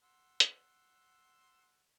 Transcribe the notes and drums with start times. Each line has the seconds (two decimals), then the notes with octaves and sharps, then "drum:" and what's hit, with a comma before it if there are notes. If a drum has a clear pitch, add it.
0.03 F#5 C6 E6
0.40 drum: hi-hat